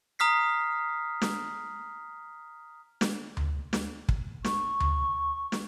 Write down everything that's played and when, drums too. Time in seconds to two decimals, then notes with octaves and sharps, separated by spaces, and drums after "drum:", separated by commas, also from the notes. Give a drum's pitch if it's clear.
0.19 A#5 D#6 F6 B6 C7
1.22 drum: snare
3.01 drum: snare
3.37 drum: tom D2
3.73 drum: snare
4.09 drum: kick
4.44 C#6, drum: snare
4.80 drum: tom D2
5.52 drum: snare